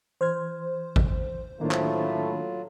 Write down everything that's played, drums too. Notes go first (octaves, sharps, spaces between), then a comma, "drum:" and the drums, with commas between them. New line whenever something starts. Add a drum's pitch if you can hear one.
E3 C5 F6 G#6
drum: kick G#1
A2 D#3 F#3 A3 A#3 D4 F4
drum: clap